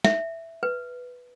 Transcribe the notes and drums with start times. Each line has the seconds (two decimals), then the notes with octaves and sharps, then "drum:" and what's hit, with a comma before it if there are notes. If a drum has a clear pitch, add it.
0.04 E5, drum: snare
0.63 B4